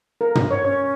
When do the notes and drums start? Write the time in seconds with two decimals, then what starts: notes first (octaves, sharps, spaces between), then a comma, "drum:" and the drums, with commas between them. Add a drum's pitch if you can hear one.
0.21 A#4
0.35 drum: tom
0.51 C#5
0.65 C#4 C#5